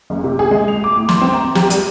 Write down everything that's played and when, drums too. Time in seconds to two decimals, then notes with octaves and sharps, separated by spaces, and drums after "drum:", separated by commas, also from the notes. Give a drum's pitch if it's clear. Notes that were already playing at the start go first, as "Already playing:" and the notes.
0.10 F#1
0.24 C3
0.39 G#4
0.51 G#3
0.68 F7
0.84 D6
0.96 A2
1.09 C6, drum: snare
1.22 C4
1.33 A#5
1.55 G4, drum: snare
1.70 G3, drum: hi-hat